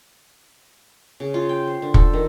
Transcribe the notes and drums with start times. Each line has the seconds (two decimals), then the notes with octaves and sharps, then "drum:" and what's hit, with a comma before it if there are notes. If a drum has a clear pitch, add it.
1.20 C#3
1.34 F4
1.49 G5
1.67 C5
1.82 D3
1.94 A4, drum: kick
2.13 D#3